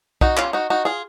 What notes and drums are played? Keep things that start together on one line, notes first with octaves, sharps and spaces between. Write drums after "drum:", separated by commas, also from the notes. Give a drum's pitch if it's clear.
D#4 F#4, drum: kick
C#4 F4, drum: clap
D#4 F#4
D#4 F#4
F4 G#4